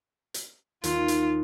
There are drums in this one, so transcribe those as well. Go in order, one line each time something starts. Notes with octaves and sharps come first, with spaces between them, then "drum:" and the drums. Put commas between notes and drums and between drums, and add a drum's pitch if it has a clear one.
drum: hi-hat
D#2 F4, drum: hi-hat
drum: hi-hat